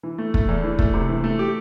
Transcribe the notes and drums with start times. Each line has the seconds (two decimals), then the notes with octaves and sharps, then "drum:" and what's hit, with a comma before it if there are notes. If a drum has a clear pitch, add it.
0.03 E3
0.18 A3
0.34 A3, drum: kick
0.49 E2
0.64 E3
0.79 A3, drum: kick
0.94 C3
1.09 E3
1.24 A3
1.39 G4